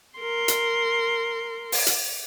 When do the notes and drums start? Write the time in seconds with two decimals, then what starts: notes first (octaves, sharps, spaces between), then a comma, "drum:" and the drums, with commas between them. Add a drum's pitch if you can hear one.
0.19 A#4 C6
0.48 drum: hi-hat
1.72 drum: open hi-hat
1.87 drum: hi-hat